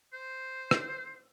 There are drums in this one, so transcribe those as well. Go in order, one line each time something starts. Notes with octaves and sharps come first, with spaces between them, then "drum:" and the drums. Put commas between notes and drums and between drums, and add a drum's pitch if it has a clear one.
C5
drum: rim click